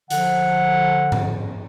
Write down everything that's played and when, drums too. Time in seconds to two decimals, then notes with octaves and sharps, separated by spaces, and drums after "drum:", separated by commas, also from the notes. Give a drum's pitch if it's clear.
0.10 D3 F3 F#5, drum: hi-hat
1.12 drum: tom G#2